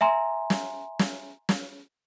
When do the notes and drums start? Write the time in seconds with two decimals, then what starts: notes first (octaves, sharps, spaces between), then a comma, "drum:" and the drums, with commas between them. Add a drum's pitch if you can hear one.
0.01 E5 G#5 A#5 C6
0.50 drum: snare
0.99 drum: snare
1.49 drum: snare